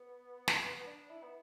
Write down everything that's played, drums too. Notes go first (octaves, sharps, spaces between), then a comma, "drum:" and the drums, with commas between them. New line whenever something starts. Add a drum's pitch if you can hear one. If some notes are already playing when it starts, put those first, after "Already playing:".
Already playing: B3
drum: snare
D4
E4
B3